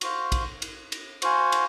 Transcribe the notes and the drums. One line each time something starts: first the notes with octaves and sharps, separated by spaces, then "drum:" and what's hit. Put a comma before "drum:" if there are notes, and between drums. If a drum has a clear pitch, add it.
F#4 C5 F5, drum: cymbal
drum: kick, cymbal
drum: cymbal
drum: cymbal
F#4 C5 F5 G#5, drum: cymbal
drum: cymbal